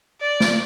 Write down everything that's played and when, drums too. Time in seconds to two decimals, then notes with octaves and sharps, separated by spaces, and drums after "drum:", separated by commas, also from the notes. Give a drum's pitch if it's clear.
0.21 D5
0.40 drum: snare